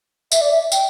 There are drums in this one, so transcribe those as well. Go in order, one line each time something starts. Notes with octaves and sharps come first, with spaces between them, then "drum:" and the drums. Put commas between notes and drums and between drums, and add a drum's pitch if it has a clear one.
E5, drum: tambourine
D5
E5
G5, drum: tambourine